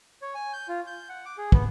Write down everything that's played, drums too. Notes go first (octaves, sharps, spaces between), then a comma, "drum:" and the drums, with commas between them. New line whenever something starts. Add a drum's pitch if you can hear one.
C#5
G#5
G6
F4
G6
F#5
D6
G#4
B3, drum: kick